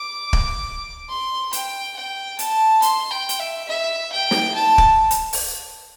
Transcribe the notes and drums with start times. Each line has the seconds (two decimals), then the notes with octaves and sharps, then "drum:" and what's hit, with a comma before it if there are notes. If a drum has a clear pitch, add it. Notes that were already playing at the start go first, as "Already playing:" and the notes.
Already playing: D6
0.33 drum: kick
1.10 C6
1.53 G5, drum: hi-hat
1.96 G5
2.39 A5, drum: hi-hat
2.82 C6, drum: hi-hat
3.11 G5
3.29 drum: hi-hat
3.40 E5
3.68 E5
4.12 G5
4.31 drum: snare
4.54 A5
4.78 drum: kick
5.11 drum: hi-hat
5.33 drum: open hi-hat